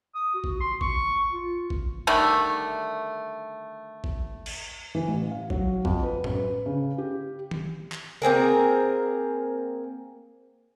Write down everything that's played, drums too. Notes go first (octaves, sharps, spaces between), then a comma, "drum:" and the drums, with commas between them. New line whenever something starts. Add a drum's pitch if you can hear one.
D#6
F#4
drum: kick A1
C6
C#6, drum: kick A1
F4
drum: kick A1
D3 D#3 G3 A3
drum: kick A1
drum: cymbal
E3
A1
F5
F#3, drum: kick A1
F2, drum: kick A1
B4
F#2, drum: tom A2
B4
C#3
G4
drum: tom D#3
drum: clap
A#3 C4 G#4 A#4